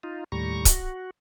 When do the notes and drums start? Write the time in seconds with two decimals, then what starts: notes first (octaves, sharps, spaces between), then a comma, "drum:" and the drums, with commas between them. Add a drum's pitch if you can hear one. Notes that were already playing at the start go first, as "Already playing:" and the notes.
0.03 D#4 F4
0.32 D#2 A2 G3 A#5 C#6
0.65 F#4, drum: kick C#1, hi-hat